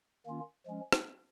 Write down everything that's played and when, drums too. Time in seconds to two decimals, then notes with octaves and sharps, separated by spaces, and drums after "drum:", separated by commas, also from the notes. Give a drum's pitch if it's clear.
0.26 D#3 A#3 C#4 F4
0.66 F3 G#3 C#4
0.92 drum: rim click